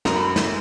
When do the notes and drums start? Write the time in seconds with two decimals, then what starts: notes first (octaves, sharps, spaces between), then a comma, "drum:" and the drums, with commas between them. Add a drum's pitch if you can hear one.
0.05 F#2 A#5, drum: snare
0.16 B5
0.36 drum: snare